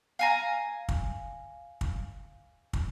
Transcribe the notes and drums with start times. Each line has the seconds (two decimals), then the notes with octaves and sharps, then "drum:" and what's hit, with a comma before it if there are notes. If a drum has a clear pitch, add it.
0.19 F5 G#5 A#5
0.89 drum: kick
1.81 drum: kick
2.73 drum: kick